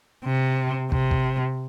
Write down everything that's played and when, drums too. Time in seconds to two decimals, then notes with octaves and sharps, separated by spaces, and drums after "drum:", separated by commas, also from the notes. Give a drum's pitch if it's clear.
0.25 C3
0.92 C3, drum: kick
1.11 drum: kick